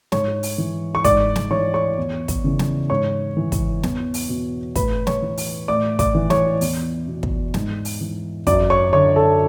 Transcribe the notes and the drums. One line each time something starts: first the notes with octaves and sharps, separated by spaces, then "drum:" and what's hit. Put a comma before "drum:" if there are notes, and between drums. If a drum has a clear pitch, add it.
G#2 C#5 C#6, drum: snare
drum: open hi-hat
E3
C#6
G#2 D5 D6, drum: kick, hi-hat
drum: snare
E3 C#5 C#6
C#5 C#6
E2
drum: kick, hi-hat
C#3 E3
drum: snare
G#2 C#5 C#6
E3
drum: kick, hi-hat
E2, drum: snare
drum: open hi-hat
B2
A2 B4 B5, drum: kick, hi-hat
C#5 C#6, drum: snare
E3
drum: open hi-hat
A2 D5 D6
D5 D6, drum: kick, hi-hat
E3
C#5 C#6, drum: snare
E2, drum: open hi-hat
B2
drum: kick
G#2, drum: snare
drum: open hi-hat
E3
F#2 D5 D6, drum: kick, hi-hat
C#5 C#6
D3 C#5 C#6
A4 A5